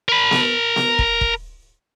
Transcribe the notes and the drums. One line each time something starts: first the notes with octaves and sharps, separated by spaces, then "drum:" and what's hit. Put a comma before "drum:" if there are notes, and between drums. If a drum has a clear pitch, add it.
A#4 B5
drum: snare B3
drum: snare B3
drum: kick
drum: kick